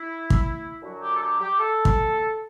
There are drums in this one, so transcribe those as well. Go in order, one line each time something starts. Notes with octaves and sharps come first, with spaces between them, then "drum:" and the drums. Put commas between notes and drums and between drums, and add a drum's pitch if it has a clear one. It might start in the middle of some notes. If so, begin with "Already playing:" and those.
Already playing: E4
drum: kick
F#2 D3 F#3 F#4
G4
A4
G4
G4
A4
drum: kick